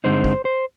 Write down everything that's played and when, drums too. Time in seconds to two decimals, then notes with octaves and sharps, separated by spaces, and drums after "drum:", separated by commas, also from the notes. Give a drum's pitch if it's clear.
0.04 G2 D3 G#3 C4 D#4 C5
0.24 drum: kick
0.45 C5